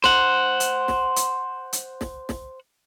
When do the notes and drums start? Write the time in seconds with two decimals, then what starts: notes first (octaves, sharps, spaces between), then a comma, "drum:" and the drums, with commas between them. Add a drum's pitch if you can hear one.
0.04 C5 F#5, drum: snare
0.60 drum: hi-hat
0.88 drum: snare
1.16 drum: hi-hat
1.73 drum: hi-hat
2.01 drum: snare
2.29 drum: snare